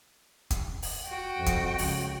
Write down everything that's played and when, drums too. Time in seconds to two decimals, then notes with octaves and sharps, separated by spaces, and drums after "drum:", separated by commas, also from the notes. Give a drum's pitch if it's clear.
0.50 drum: kick, hi-hat
0.82 drum: open hi-hat
1.06 F#4 G5
1.37 F2
1.46 drum: kick, hi-hat
1.78 C#2, drum: open hi-hat